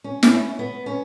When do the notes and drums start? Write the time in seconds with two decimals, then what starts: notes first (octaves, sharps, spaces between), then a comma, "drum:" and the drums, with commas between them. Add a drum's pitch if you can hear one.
0.04 C#4
0.23 E4, drum: snare
0.31 C#4
0.59 B3
0.86 C#4